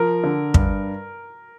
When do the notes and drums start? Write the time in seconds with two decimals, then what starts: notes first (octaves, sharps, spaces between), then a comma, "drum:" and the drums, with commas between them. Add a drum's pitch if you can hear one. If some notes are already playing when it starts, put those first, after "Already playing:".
Already playing: F3 A#4
0.24 D3
0.54 G2, drum: kick